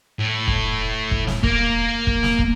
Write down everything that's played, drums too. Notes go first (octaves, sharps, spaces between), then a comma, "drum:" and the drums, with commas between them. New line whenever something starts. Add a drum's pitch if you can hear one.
A2
drum: kick
drum: kick
drum: snare
A#3, drum: kick
drum: kick
drum: snare
drum: kick